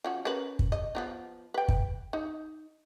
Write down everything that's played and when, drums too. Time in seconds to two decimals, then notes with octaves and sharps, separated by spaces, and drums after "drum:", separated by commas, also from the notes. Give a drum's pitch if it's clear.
0.04 F3 C#4 F#4
0.25 C#4 A#4 B4
0.59 drum: kick
0.72 D#5
0.95 F3 B3 D#4
1.54 B4 G5
1.68 drum: kick
2.13 D#4